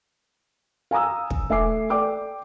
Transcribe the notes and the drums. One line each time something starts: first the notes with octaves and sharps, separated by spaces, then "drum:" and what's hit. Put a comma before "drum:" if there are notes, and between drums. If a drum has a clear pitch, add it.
F5 G#5 A#5 D#6 E6
drum: kick
A3 E5 G#5 D6 C7
A4 D5 G5 D6